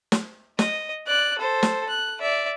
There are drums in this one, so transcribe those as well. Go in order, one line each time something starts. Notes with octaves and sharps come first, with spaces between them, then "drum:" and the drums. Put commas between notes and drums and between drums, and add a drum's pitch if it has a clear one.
drum: snare
D#5, drum: snare
D5 F#6
A4 C5
drum: snare
F#6
D5 E5